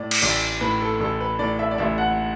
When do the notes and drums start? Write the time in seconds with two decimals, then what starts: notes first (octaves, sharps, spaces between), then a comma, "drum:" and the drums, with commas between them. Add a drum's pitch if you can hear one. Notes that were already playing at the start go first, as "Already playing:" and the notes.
Already playing: A2 D5
0.11 drum: cymbal
0.22 A1 D5
0.61 A2 B4
0.81 A4
1.00 A1 A4
1.20 B4
1.39 A2 D5
1.59 E5
1.71 D5
1.78 A1 E5
1.98 F#5